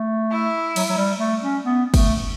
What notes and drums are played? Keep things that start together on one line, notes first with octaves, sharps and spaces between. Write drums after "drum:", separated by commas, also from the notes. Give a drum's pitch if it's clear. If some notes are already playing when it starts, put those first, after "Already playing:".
Already playing: A3
E4
F#3, drum: cymbal
F#3
G3
A3
C#4
B3
A3, drum: kick, cymbal